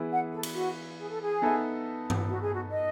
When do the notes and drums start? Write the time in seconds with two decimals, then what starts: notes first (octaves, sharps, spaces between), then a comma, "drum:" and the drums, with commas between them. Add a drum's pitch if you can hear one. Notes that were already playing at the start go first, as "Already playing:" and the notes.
Already playing: E3 B3 E4 G#4 B4
0.12 F#5
0.33 A4
0.43 drum: cymbal
0.55 F#4
0.98 G#4
1.10 A4
1.21 G#4
1.42 B3 D#4 A4 E5
2.10 drum: tom G2
2.28 F#4
2.41 G#4
2.54 F#4
2.70 D#5